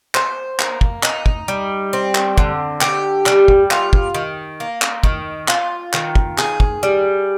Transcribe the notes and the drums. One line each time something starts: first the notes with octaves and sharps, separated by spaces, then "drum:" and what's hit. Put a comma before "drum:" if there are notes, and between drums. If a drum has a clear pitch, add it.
C5, drum: clap
A#3, drum: clap
drum: kick
D#4, drum: clap
drum: kick
G3
C4
drum: clap
D3, drum: kick
G4, drum: clap
G3, drum: clap
drum: kick
F4, drum: clap
drum: kick
D#3
A#3
drum: clap
D#3, drum: kick
F4, drum: clap
D#3, drum: clap
drum: kick
G#4, drum: clap
drum: kick
G3